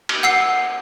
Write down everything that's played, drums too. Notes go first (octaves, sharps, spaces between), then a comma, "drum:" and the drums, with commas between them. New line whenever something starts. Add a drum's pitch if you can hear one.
drum: cymbal
F#5 E6 C7